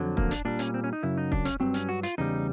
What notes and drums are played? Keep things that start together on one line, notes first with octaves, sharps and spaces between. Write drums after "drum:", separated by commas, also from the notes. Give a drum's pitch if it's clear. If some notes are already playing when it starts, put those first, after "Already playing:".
Already playing: F2 D3 F#3
A#3, drum: kick
D4, drum: hi-hat
A#2 G3 D4
C#4, drum: hi-hat
C4
C#4
D#4
F#2 C#3 F#3 E4
D#4
D4, drum: kick
C#4, drum: hi-hat
G2 D#3 F#3 C4
C#4, drum: hi-hat
F#4
F4, drum: hi-hat
E2 C#3 G3 D#4